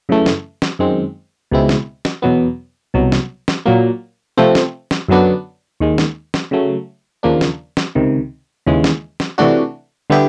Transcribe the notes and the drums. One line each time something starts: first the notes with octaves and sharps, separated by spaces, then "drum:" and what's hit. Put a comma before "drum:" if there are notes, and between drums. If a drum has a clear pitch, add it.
F#2 C#3 E3 A3
drum: snare
drum: snare
F#2 D#3 G#3 C4
C#2 B2 G#3 C4 E4
drum: snare
drum: snare
E2 B2 F#3 B3
C2 B2 F#3
drum: snare
drum: snare
A#2 F#3 A#3
C3 F3 A3 C4
drum: snare
drum: snare
F#2 D3 F#3 B3 D4
D#2 D#3 G#3
drum: snare
drum: snare
C#3 F#3 A3
D#2 C#3 F3 A#3 D4
drum: snare
drum: snare
C#2 C3 D#3
D#2 C#3 E3 G#3
drum: snare
drum: snare
C3 E3 A3 D4 F#4
D3 G3 B3 E4 G4